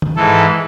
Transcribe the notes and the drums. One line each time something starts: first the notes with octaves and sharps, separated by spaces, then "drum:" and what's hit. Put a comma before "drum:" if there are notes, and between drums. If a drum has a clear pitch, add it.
drum: tom
G#2 E3 A4